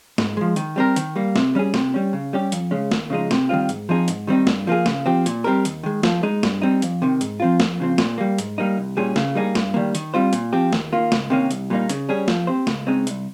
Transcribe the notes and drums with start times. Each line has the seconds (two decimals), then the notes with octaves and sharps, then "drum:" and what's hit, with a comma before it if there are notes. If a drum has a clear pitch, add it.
0.18 G#2, drum: snare
0.37 F3 G#3
0.56 D#3, drum: hi-hat
0.76 G3 C4 G4 A#4
0.96 D#3, drum: hi-hat
1.16 G3 A#3
1.36 C3, drum: snare
1.55 G3 C#4 G#4
1.74 C3, drum: snare
1.94 G3 C#4
2.13 C#3
2.33 G3 C#4 G4
2.52 F2, drum: hi-hat
2.71 C#3 G#3 C#4
2.91 D#2, drum: snare
3.10 C#3 F3 G#3 D#4
3.31 C3, drum: snare
3.49 D#3 G3 C4 F4
3.69 G#2, drum: hi-hat
3.89 F3 C4 D#4 G#4
4.08 G#2, drum: hi-hat
4.27 D#3 G3 C4 D#4
4.47 G2, drum: snare
4.67 F3 A#3 F4 G#4
4.86 C#3, drum: snare
5.06 F3 C4 G4
5.26 A#2, drum: hi-hat
5.44 G3 C4 G4 A#4
5.65 D#2, drum: hi-hat
5.83 D#3 G#3
6.03 F3, drum: snare
6.23 G#3 D#4
6.43 G2, drum: snare
6.62 G3 C4 D#4
6.82 F2, drum: hi-hat
7.02 C3 D#3
7.21 G#2, drum: hi-hat
7.40 F3 C4 F4
7.60 F2, drum: snare
7.80 C#3 F3 C4
7.98 A#2, drum: snare
8.18 G3 A#3
8.38 G#2, drum: hi-hat
8.58 G3 A#3 D#4
8.78 C2
8.97 A#2 G3 C#4 G#4
9.16 C#3, drum: snare
9.35 G3 A#3 D#4 G#4
9.55 G2, drum: snare
9.74 D#3 G3 A#3
9.95 D#3, drum: hi-hat
10.14 G3 C4 F4 C5
10.33 A#2, drum: hi-hat
10.53 F3 C4 G4
10.73 D#2, drum: snare
10.93 D#3 A#3 F4
11.12 C#2, drum: snare
11.30 C3 D#3 A#3 C#4
11.51 C2, drum: hi-hat
11.70 A#2 G3 A#3 D#4
11.89 C#3, drum: hi-hat
12.09 G3 C#4 G#4
12.28 F3, drum: snare
12.47 C4 G4 C5
12.67 C#2, drum: snare
12.87 C#3 G#3 C4 D#4
13.07 C2, drum: hi-hat